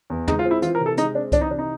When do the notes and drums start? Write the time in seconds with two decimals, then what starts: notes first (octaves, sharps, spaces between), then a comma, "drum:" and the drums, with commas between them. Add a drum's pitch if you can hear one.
0.10 E2
0.28 G#3 D#4, drum: tom
0.39 F4
0.45 C4
0.51 E4
0.62 E3 F4, drum: hi-hat
0.75 A#4
0.80 C3
0.86 A4
0.97 G#3 D#4, drum: hi-hat
1.15 C4 D4
1.32 E3 D4, drum: kick C2, hi-hat
1.41 D#4
1.50 C3 D4
1.59 D#4